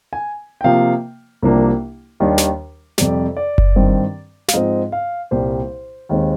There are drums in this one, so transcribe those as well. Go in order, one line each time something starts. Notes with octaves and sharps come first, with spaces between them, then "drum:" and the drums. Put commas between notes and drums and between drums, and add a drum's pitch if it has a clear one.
G#5
G5
C3 F3 A#3 F5
C2 C3 F3 A#3 D4
D#2 D#3 G3 D4
drum: snare
F2 C3 G3 D5, drum: snare
D5
drum: kick F#1
G2 D#3 G3 C4
F5, drum: snare
G#2 F3 C4 D#5
F5
C2 A#2 G3 C5
D#2 D#3 G#3 C4 D#4